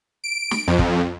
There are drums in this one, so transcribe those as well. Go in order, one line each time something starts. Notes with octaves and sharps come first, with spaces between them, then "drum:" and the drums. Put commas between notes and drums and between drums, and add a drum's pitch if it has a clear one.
D7
drum: snare
F2
drum: kick